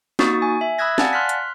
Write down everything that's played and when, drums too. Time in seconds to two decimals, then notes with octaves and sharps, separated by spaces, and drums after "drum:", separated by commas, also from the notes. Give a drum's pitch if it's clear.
0.19 A#3 D#4 F#4 C#6 D#6 A6, drum: snare
0.42 G#5
0.61 E5
0.78 B5 D#6 E6 F#6 G#6 A#6
0.98 D5 F5 F#5 G#5 A5 A6, drum: snare
1.13 C6 F6 F#6 B6
1.29 drum: hi-hat